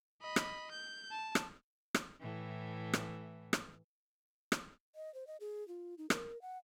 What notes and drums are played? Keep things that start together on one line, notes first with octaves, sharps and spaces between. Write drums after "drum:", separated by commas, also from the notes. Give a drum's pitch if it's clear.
D#5 B5
drum: rim click
G6
A5
drum: rim click
drum: rim click
A2 E3
drum: rim click
drum: rim click
drum: rim click
D#5
C5
D#5
G#4
F4
D#4
A#4, drum: rim click
F#5